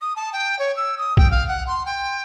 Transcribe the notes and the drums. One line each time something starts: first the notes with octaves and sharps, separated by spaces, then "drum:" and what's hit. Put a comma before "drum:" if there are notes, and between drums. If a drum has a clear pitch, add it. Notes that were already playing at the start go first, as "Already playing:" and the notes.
D#6
A5
G5
C#5
E6
D#6
G5, drum: kick
F5
F#5
C6
G5